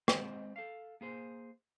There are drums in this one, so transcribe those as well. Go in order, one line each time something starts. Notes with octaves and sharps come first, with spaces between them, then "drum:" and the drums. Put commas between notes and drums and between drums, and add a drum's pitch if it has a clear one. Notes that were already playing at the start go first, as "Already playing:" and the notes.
G#3 C4 C5 D#5, drum: rim click
A4 F5
A#3 G#4 C5